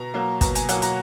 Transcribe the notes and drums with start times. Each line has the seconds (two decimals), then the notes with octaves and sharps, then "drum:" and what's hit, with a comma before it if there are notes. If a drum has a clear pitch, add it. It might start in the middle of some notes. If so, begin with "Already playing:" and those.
Already playing: B2 A#5
0.14 F#3 A#3
0.41 B2 A#5, drum: kick, hi-hat
0.55 G#5, drum: hi-hat
0.69 F#3 A#3 F#5, drum: hi-hat
0.82 A#5, drum: hi-hat